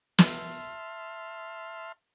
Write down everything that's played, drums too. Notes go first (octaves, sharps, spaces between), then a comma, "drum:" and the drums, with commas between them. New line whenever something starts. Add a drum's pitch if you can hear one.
E5 A5 C6 F6, drum: snare